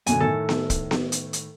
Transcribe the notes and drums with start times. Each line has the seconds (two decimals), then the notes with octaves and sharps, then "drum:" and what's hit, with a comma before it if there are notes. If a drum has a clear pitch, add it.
0.06 F#2 B2 D3 G#5, drum: hi-hat
0.20 A2 D#3 A4
0.49 drum: snare B3
0.70 drum: kick, hi-hat
0.91 drum: snare B3
1.12 drum: hi-hat
1.33 drum: hi-hat